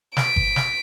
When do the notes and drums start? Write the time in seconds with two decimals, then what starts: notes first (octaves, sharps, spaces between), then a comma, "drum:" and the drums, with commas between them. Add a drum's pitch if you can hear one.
0.17 B6 D7, drum: snare
0.36 drum: kick G1
0.56 drum: snare